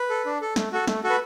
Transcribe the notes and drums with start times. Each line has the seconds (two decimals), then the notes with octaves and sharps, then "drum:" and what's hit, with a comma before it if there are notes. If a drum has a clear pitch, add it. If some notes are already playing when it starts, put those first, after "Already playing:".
Already playing: B4
0.10 A4
0.26 D4
0.41 A4
0.56 A3, drum: snare
0.72 F#4 A4
0.87 A3, drum: snare
1.03 F#4 A4
1.10 B4